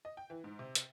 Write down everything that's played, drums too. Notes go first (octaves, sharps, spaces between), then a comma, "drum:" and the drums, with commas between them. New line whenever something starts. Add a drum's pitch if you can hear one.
D#5
G5
E3
G#2
C3
drum: hi-hat